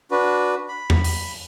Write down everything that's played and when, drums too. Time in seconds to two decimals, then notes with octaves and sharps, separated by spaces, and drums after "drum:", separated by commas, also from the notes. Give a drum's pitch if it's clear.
0.11 D4 F#4 B4
0.68 B5
0.90 drum: tom E2
1.04 drum: open hi-hat